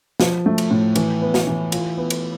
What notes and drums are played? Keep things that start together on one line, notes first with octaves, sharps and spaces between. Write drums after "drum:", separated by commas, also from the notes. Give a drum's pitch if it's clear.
F3, drum: snare
A3
drum: cymbal
A2
E3, drum: cymbal
B3
drum: snare
E3
F4, drum: cymbal
B3
drum: cymbal